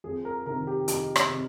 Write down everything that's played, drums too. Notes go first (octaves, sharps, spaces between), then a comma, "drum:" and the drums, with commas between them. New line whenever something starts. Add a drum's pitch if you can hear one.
F2 G#4
A#4
C3 D#3 A#4
G4
F2 D#4, drum: hi-hat
drum: rim click
C3